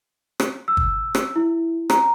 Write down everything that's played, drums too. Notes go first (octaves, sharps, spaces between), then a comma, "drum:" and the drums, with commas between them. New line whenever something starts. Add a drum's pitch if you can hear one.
drum: rim click
E6
drum: kick
drum: rim click
E4
A#5, drum: rim click